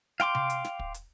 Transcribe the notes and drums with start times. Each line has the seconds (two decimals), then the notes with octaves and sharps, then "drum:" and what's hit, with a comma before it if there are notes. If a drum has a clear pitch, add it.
0.20 F5 G5 C6 D6, drum: snare
0.35 drum: tom C3
0.50 drum: hi-hat
0.65 drum: snare
0.79 drum: kick
0.94 drum: hi-hat